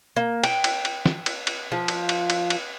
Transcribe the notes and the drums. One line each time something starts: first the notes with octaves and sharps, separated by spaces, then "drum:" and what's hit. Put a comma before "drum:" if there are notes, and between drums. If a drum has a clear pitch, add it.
A#3
G5, drum: cymbal
drum: cymbal
drum: cymbal
drum: snare
drum: cymbal
drum: cymbal
F3
drum: cymbal
drum: cymbal
drum: cymbal
drum: cymbal